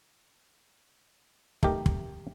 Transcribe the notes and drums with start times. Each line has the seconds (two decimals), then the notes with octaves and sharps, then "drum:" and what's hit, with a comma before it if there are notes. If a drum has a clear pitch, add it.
1.63 A3 D#4 G4 A#4, drum: kick
1.86 drum: kick